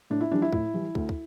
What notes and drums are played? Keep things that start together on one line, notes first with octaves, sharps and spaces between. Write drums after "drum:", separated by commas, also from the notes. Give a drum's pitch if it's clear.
A2 D4
E4
E3 G3 D4
E4
A2 E4, drum: kick
E3 G3
D2, drum: kick
drum: kick